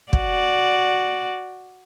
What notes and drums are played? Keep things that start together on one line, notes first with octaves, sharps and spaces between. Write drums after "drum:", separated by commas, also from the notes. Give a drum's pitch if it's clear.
F#4 D5, drum: kick